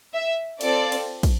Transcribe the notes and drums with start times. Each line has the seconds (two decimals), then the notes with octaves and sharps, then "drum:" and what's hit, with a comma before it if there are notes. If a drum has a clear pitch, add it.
0.14 E5
0.61 C4 F4 A4 D5, drum: cymbal
0.92 drum: cymbal
1.23 drum: kick, cymbal